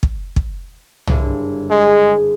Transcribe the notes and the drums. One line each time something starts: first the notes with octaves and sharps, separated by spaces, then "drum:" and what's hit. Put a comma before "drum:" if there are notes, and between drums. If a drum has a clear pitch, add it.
drum: kick
drum: kick
F#1 G2 D3, drum: tom C2
G#3 G#4 C6